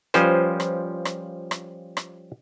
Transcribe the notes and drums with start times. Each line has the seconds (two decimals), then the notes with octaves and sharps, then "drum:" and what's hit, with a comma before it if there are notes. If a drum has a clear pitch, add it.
0.14 F3 G3 C#4 F4 B4 C5, drum: rim click
0.60 drum: rim click
1.05 drum: rim click
1.51 drum: rim click
1.97 drum: rim click